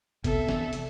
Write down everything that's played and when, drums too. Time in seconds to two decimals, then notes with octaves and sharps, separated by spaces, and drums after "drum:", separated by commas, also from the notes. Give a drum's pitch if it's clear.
0.24 C3 B3 A4 E5, drum: kick G1, hi-hat
0.49 drum: snare
0.73 drum: hi-hat